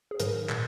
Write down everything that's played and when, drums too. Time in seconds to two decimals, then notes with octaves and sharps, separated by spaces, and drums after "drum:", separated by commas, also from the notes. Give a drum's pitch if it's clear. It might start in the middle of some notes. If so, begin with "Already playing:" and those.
0.11 G#4
0.20 G#2 D#3 F#3 A#4, drum: hi-hat
0.49 A#2 F#3, drum: clap